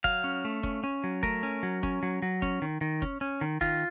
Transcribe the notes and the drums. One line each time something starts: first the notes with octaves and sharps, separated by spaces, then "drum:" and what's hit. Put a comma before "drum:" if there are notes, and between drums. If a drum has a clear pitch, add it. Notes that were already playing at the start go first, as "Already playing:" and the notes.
F#3 F5, drum: kick
C#4
A3
C#4, drum: kick
C#4
F#3
A3 A#4, drum: kick
C#4
F#3
C#4, drum: kick
F#3
F#3
C#4, drum: kick
D#3
D#3
C#4, drum: kick
C#4
D#3
D#3 F4, drum: kick